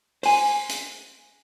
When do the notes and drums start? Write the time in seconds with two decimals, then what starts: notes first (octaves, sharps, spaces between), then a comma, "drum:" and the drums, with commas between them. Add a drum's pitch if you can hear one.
0.23 C5 G#5, drum: open hi-hat
0.69 drum: hi-hat